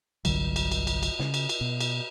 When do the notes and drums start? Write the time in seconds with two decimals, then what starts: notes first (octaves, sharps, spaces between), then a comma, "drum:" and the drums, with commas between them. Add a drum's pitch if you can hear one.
0.25 G1 C2 D3 F#3, drum: cymbal
0.56 drum: cymbal
0.72 drum: cymbal
0.87 drum: cymbal
1.03 drum: cymbal
1.19 C#3, drum: snare
1.34 drum: cymbal
1.49 drum: cymbal
1.61 B2
1.80 drum: cymbal